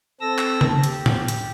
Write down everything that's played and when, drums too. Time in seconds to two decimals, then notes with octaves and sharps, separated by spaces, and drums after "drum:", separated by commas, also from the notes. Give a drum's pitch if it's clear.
0.21 C4 A4 E6 A#6
0.39 drum: clap
0.61 drum: tom C#3
0.84 G4, drum: hi-hat
1.06 drum: tom A2
1.28 drum: hi-hat